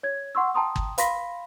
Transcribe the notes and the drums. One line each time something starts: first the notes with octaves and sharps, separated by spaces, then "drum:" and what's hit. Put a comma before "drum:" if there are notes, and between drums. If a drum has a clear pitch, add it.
C#5 G#6
F#5 C6 C#6 E6
G5 A5 A#5 C6 D#6
drum: kick G1
F5 B5 C6 A#6 B6, drum: hi-hat